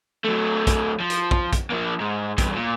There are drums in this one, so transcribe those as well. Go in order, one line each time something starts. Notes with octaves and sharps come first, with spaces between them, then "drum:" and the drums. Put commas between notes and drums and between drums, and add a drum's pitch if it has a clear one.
F#3 A3
drum: kick, hi-hat
F3
drum: hi-hat
drum: kick
drum: kick, hi-hat
F3 A#3
G#2
E2 G2, drum: kick, hi-hat
A#2